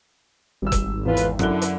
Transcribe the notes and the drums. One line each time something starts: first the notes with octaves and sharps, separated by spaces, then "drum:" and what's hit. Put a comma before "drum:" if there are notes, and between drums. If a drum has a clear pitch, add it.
G#1 G3 E6
drum: kick F1, hi-hat
E2 A2 F4 B4
drum: hi-hat
F#2 D3 E4 F#6 G7, drum: rim click
drum: hi-hat